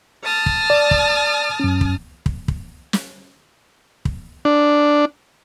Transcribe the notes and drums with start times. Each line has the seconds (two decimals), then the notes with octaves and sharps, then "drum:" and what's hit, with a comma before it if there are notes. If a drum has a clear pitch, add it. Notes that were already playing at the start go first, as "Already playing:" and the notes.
0.24 A5 D#6 F6
0.46 drum: kick
0.70 D5
0.91 drum: kick
1.60 F#2 C#4
1.81 drum: kick
2.26 drum: kick
2.48 drum: kick
2.93 drum: snare
4.05 drum: kick
4.45 D4